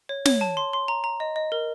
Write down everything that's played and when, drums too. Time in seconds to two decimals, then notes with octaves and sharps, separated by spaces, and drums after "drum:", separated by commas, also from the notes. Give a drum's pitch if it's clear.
0.09 C#5
0.25 C#5, drum: snare
0.41 A5
0.57 C6
0.73 C6
0.88 A#5
1.04 A#5
1.20 D#5
1.36 D#5
1.52 A#4